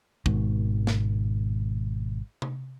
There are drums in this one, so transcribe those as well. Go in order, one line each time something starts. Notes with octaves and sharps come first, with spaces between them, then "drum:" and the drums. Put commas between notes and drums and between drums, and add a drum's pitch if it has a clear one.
G#1 G#2 B2 D#3, drum: kick
drum: snare
drum: tom C3